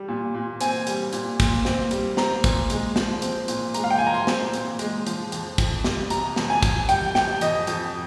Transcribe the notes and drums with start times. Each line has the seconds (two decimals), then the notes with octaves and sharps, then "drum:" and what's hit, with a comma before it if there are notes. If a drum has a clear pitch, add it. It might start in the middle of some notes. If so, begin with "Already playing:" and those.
Already playing: G3
0.08 A#2
0.34 A#2
0.61 C4 G#5, drum: hi-hat
0.87 G3, drum: hi-hat
1.13 A#2, drum: hi-hat
1.40 A#2, drum: kick, hi-hat
1.65 C4, drum: snare
1.91 G3, drum: hi-hat
2.17 C4 A#5, drum: snare
2.44 A#2, drum: kick, hi-hat
2.70 G#3, drum: hi-hat
2.96 F3, drum: snare
3.22 C4, drum: hi-hat
3.48 A#2, drum: hi-hat
3.74 G#3 A#5, drum: hi-hat
3.84 F5
3.90 G5
3.98 G#5
4.02 F3
4.07 A#5
4.14 C6
4.27 C4, drum: snare
4.53 A#2, drum: hi-hat
4.79 G#3, drum: hi-hat
5.07 F3, drum: hi-hat
5.32 F2, drum: hi-hat
5.58 F2, drum: kick, hi-hat
5.84 G3, drum: snare
6.10 C3 A#5, drum: hi-hat
6.36 F2, drum: snare
6.50 G#5
6.63 F2, drum: kick, hi-hat
6.89 G3 G5, drum: hi-hat
7.15 C3 G5, drum: snare
7.41 F2 D#5, drum: hi-hat
7.67 F2, drum: hi-hat